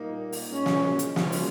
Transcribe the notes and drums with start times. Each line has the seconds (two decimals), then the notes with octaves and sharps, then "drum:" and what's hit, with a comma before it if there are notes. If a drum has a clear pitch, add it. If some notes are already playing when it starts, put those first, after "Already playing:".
Already playing: A#2 G3 A#3 D#4
0.32 drum: open hi-hat
0.48 A#2 G#3 C#4
0.66 drum: snare
0.99 drum: hi-hat
1.16 G#2 D#3 G3 C#4 F4, drum: snare
1.32 drum: open hi-hat